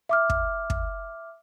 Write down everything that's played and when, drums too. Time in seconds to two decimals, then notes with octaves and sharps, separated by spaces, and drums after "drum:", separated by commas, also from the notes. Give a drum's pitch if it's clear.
0.09 E5 D6 F6
0.30 drum: kick
0.70 drum: kick